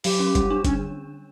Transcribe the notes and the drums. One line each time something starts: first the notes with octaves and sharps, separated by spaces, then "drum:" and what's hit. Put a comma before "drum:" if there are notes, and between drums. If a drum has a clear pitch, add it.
F#3 G4, drum: open hi-hat
C#4
G3, drum: kick F#1, hi-hat
D4
D3 C#4, drum: kick F#1, hi-hat